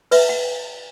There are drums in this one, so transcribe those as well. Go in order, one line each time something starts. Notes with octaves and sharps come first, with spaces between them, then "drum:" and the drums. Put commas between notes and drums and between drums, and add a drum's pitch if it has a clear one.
B4 E5, drum: open hi-hat
F#5